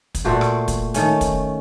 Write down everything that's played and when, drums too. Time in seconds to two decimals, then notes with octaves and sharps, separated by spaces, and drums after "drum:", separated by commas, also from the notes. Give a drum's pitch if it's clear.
0.15 drum: kick, hi-hat
0.24 A#2 A3 F#4 C5
0.41 drum: rim click
0.68 drum: kick, hi-hat
0.94 D#3 A3 C#4, drum: hi-hat
1.21 drum: kick, hi-hat